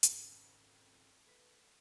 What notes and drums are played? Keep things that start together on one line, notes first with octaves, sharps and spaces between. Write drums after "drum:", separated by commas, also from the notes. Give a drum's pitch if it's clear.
G#1 F2 G#2 C#3, drum: hi-hat
A3 B4 B6